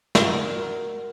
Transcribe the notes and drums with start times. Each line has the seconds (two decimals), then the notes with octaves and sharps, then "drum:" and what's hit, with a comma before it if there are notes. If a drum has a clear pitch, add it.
0.15 F#4 A#4, drum: snare